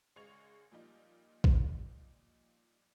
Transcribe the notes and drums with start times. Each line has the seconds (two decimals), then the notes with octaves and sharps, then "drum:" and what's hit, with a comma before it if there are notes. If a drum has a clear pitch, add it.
0.16 G#1 C#3 G#3 C#6 G#6 F7
0.72 A#2 F3 G3 D#4
1.44 drum: kick